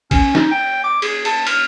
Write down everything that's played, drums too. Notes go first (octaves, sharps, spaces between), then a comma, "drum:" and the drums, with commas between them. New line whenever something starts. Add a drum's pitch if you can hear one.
C#4, drum: kick A#1, cymbal
D#4, drum: snare
G5
D6
G#4, drum: cymbal
A5, drum: cymbal
F6, drum: cymbal